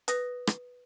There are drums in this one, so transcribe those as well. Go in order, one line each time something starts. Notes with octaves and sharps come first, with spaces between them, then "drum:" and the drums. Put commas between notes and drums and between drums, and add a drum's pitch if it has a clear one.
B4 D#6 A#6, drum: hi-hat
drum: rim click